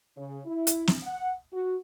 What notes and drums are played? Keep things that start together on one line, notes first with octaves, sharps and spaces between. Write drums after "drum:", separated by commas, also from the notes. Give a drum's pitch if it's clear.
C#3
E4
drum: hi-hat
drum: snare
F#5
F#4